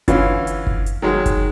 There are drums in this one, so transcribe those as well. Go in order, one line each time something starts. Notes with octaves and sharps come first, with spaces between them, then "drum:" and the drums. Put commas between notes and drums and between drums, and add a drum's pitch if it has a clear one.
D3 E3 C#4 F4, drum: kick F#1, hi-hat
drum: hi-hat
drum: kick F#1
drum: hi-hat
D#3 F#3 G#3
drum: kick F#1, hi-hat